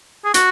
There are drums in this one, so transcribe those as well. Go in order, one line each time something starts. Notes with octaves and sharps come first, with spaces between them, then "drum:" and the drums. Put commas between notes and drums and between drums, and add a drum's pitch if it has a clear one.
G#4
F#4, drum: hi-hat